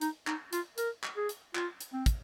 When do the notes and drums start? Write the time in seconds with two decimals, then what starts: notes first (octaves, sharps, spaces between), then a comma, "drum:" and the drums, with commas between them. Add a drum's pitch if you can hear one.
0.01 D#4, drum: hi-hat
0.27 D#4, drum: clap
0.53 F4, drum: hi-hat
0.78 A#4, drum: hi-hat
1.04 drum: clap
1.17 G#4
1.29 drum: hi-hat
1.55 F4, drum: clap
1.81 drum: hi-hat
1.93 C4
2.06 drum: kick, hi-hat